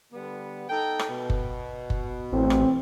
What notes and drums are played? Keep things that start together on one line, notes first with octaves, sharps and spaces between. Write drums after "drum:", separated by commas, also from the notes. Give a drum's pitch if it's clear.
D3 G3 B3
D#4 A4 G5
drum: rim click
B2
drum: kick F#1
drum: kick F#1
A1 C4
drum: rim click